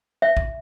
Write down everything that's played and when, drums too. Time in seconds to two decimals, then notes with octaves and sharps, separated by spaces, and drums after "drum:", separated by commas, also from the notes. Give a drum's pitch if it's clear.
0.22 E5
0.37 drum: kick